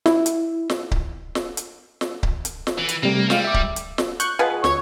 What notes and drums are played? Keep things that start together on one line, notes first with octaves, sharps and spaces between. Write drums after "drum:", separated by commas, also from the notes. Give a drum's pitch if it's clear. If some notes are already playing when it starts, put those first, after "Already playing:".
E4, drum: snare
drum: hi-hat
drum: snare
drum: kick C#1
drum: snare
drum: hi-hat
drum: snare
drum: kick C#1
drum: hi-hat
drum: snare
E3
drum: hi-hat
C3 G3 A3 A#3
G3 G#3 F5, drum: snare
E5 D6
drum: kick C#1
drum: hi-hat
drum: snare
C#6 F#6 G6, drum: hi-hat
B2 F4 G#4 B4
D2 C#5 C#6 G#6, drum: snare